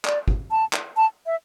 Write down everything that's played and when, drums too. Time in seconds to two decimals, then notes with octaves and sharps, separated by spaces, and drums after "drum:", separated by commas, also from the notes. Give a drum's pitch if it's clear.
0.05 D5, drum: clap
0.28 drum: kick
0.51 A5
0.73 drum: clap
0.97 A5
1.26 E5